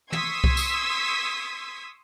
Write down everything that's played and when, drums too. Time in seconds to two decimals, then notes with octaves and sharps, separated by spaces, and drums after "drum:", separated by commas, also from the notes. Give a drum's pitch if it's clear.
0.12 C6 C#6 D#6 E6 G#6 B6, drum: tom
0.44 drum: kick C2
0.57 drum: tambourine